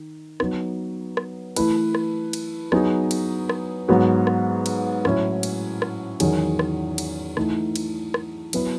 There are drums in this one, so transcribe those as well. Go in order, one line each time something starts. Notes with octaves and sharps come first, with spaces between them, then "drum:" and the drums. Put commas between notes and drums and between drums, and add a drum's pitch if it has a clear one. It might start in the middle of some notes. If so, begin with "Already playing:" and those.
Already playing: D#3
F#3 B3 D#4, drum: rim click
drum: rim click
E3 A3 E4 B4, drum: cymbal
drum: rim click
drum: cymbal
F#3 B3 D#4 G#4, drum: rim click
drum: cymbal
drum: rim click
G#2 F#3 B3 F#4
drum: rim click
drum: cymbal
A2 F#3 C#4 E4, drum: rim click
drum: cymbal
drum: rim click
E2 D#3 F#3 C#4 G#4, drum: cymbal
drum: rim click
drum: cymbal
E3 A3 D#4, drum: rim click
drum: cymbal
drum: rim click
F#3 B3 E4 B4, drum: cymbal